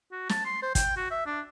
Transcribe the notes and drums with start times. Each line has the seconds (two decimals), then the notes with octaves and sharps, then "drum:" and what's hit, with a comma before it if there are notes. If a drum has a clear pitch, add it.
0.12 F#4
0.29 A5, drum: snare
0.45 C6
0.63 C5
0.75 G5, drum: kick, hi-hat
0.97 F#4
1.11 E5
1.26 D4